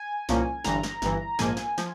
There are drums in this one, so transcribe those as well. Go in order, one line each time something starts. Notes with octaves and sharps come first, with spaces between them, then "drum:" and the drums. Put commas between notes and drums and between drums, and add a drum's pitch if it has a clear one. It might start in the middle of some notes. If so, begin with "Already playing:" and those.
Already playing: G#5
C2 A#2 F3 A#3 C#4, drum: snare
G1 G2 E3 A#5, drum: snare
drum: snare
G1 G2 E3, drum: snare
A#1 G#2 F3 A#3 G#5, drum: snare
drum: snare
F3, drum: snare